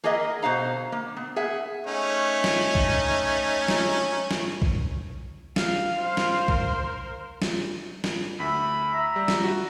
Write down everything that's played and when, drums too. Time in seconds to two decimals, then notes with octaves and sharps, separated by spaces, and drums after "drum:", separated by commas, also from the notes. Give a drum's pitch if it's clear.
0.04 A#3 G#4 A#4 D#5 E5 F#5
0.42 B2 C5 F5 A#5
0.92 A#3
1.16 B3
1.36 G#4 E5 F#5
1.87 A3 C#4 D#4
2.44 drum: snare
2.75 drum: kick
3.68 drum: snare
4.31 drum: snare
4.62 drum: kick
5.56 F5, drum: snare
5.99 C5 F5
6.17 drum: snare
6.48 A#4, drum: kick
7.42 drum: snare
8.04 drum: snare
8.40 D2 E4 B5
8.94 E4 A#5
9.16 G3
9.28 drum: snare
9.44 F#4 E5